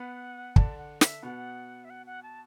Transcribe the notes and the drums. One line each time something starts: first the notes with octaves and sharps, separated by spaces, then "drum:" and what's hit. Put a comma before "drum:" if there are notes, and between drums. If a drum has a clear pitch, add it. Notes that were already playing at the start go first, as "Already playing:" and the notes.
Already playing: B3 B4 F#5
D3 D4 A5, drum: kick
F#5
E5, drum: snare
B2 B3 F#5
E5
F#5
F#5
A5